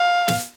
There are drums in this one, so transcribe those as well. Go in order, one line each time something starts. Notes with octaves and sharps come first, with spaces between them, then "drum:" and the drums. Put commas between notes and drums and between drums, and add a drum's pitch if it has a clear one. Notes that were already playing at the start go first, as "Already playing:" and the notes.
Already playing: F5
drum: snare